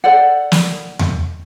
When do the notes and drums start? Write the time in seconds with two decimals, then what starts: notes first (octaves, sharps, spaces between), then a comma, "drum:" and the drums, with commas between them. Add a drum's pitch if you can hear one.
0.04 A4 C5 D5 F#5
0.52 drum: snare
0.99 drum: tom E2